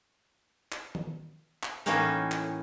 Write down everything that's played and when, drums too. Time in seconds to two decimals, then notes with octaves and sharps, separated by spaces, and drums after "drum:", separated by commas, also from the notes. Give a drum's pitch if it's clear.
0.72 drum: clap
0.95 drum: tom D#3
1.63 drum: clap
1.86 A2 E3 A#3 C#4 D#4
2.31 drum: clap